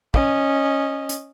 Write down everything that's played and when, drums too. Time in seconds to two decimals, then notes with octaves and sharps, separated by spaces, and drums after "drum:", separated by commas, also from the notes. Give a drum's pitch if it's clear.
0.14 C#4 D#5, drum: kick
1.09 drum: hi-hat